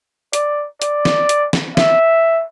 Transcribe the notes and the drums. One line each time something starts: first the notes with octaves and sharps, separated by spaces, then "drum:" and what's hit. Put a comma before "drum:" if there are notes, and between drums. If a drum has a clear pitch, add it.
D5, drum: hi-hat
D5, drum: hi-hat
drum: snare
drum: hi-hat
drum: snare
E5, drum: snare